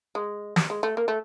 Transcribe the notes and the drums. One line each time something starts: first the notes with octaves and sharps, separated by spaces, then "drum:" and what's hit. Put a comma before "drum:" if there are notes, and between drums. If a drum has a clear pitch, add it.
G#3
G3, drum: snare
G#3
A3
A#3
A3